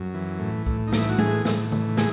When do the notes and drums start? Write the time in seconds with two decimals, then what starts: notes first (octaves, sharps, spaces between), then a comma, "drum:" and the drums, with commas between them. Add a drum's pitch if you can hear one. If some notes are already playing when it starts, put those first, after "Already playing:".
Already playing: F#2
0.14 E3
0.39 A2
0.66 A2, drum: kick C2
0.87 D#4
0.93 E3, drum: snare
0.99 E4
1.09 F#4
1.18 A2 G#3 G#4, drum: tom G#3
1.45 A2, drum: snare
1.72 E3, drum: tom C#3
1.97 G#3 G#4, drum: snare